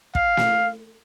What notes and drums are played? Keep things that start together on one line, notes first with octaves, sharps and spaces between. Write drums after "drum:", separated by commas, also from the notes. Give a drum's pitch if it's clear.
F5, drum: kick
drum: snare